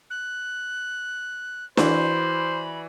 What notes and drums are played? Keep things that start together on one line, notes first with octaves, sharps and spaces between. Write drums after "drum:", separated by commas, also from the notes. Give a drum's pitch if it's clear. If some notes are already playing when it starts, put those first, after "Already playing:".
F#6
E3 F#4 C5 D5 B5, drum: snare